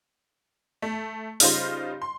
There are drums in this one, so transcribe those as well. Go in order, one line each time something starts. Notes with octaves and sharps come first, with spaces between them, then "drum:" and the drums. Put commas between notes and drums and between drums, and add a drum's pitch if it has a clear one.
A3
C#3 G3 D#4 F4 C5, drum: open hi-hat
C6